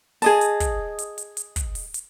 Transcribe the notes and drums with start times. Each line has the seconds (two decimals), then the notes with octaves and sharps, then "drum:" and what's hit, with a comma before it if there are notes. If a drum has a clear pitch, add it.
0.22 G#4 D#5 A5, drum: open hi-hat
0.41 drum: hi-hat
0.60 drum: kick, hi-hat
0.99 drum: hi-hat
1.18 drum: hi-hat
1.37 drum: hi-hat
1.56 drum: kick, hi-hat
1.75 drum: open hi-hat
1.94 drum: hi-hat